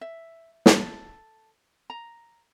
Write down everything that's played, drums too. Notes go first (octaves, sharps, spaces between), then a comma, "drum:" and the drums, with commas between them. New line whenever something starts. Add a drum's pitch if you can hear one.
E5
A4, drum: snare
A#5